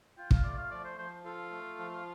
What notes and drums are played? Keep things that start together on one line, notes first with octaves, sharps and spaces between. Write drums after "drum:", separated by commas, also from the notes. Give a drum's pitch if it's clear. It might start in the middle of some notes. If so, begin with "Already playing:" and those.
F4 G5
F5, drum: kick
A3 D5
F5
F3 D5
C5
F3 C5
F4 A4
A3
F3